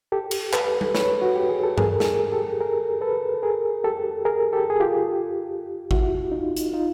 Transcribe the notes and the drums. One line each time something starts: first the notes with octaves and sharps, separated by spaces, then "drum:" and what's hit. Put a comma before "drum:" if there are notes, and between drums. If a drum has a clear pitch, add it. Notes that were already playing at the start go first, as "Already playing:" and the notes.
G4 A4
drum: cymbal
A4 B4, drum: clap
drum: tom G3
B4 C#5, drum: snare
F#4
G4
G#4
A4
G#4 A#4, drum: tom G2
A4, drum: snare
G#4 A#4
G4 A4
G#4 A#4
A4 B4
G#4 A#4
G4 A4
G#4 A#4
G4 A4
G#4
F4 G4
E4 F#4, drum: kick G#1
D#4 F4
drum: hi-hat
D#4 F4